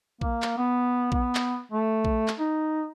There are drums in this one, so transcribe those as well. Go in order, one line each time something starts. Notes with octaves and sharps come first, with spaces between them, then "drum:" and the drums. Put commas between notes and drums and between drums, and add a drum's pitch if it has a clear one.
A#3, drum: kick A#1
drum: clap
B3
B3, drum: kick A#1
drum: clap
A3
drum: kick A#1
drum: clap
D#4